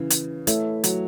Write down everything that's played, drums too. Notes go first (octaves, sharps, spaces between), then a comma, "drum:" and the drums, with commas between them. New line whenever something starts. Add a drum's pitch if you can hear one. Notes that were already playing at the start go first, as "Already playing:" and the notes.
Already playing: C#3 E3
drum: hi-hat
A3 E4 A4 C#5 E5, drum: hi-hat
F#3, drum: hi-hat